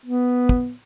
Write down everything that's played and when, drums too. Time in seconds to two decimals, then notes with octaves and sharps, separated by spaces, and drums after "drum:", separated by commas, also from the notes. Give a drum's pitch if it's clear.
0.06 B3
0.49 drum: kick